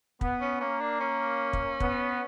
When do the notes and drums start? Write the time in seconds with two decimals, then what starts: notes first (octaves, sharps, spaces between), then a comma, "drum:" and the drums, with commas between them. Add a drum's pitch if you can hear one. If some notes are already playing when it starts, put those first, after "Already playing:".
0.21 B3, drum: kick
0.41 C#4
0.60 A#3 C#4
0.80 D4
1.00 C#4
1.53 drum: kick
1.80 B3, drum: kick